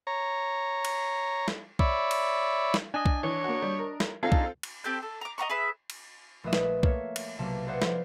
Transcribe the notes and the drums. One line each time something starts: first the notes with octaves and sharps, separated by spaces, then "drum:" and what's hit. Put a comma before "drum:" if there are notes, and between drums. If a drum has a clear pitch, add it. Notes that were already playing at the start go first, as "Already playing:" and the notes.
C#5 A#5
drum: cymbal
drum: snare
C#5 D5 E5 B5, drum: kick B1
drum: cymbal
drum: snare
D4 D#5 G#5
drum: kick B1
E3 C#5
A#3 F#4
G3
A#4
drum: snare
C4 D4 D#4 F4 G#4 A4 F5
drum: kick B1
drum: cymbal
C4 G4 A4 G6
A4
A#5 D6
D#5 F#5 A#5 C#6
G#4 B4 E5
drum: cymbal
A#1 A3 B4 D#5 E5 D#6
drum: snare
A3 A#3 C#5 E5, drum: kick B1
drum: cymbal
B1 C3 A#3 E5 A5
G#4 B4 C5 D5 E5 F#5
F3, drum: snare